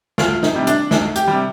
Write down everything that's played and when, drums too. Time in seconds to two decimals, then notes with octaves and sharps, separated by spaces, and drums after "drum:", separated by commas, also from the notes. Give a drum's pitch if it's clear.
0.18 D2 F4, drum: snare
0.43 D#4, drum: snare
0.54 C3 G3
0.67 D4, drum: hi-hat
0.91 D2 D#4, drum: snare
1.16 G4, drum: hi-hat
1.28 C3 G3